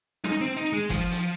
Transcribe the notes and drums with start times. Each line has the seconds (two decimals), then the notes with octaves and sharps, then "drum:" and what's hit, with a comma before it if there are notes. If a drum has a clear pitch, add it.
0.24 D#4, drum: snare
0.40 C4
0.57 D#4
0.73 G#3
0.90 F3, drum: kick F#1, hi-hat
1.12 drum: hi-hat